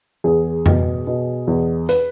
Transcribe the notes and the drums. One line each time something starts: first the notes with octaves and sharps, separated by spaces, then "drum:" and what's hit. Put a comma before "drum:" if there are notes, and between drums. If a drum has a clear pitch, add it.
E2 G#4
B2, drum: tom F2
B2
E2
B4, drum: hi-hat